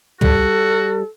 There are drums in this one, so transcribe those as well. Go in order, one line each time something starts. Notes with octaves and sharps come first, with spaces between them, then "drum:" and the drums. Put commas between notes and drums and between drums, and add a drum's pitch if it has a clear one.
G3 F#4 A4, drum: tom